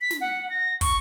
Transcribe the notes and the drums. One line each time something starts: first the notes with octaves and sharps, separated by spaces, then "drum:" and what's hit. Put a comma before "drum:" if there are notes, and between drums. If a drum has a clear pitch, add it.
B6
drum: snare
F#5
A#6
C#6, drum: kick, open hi-hat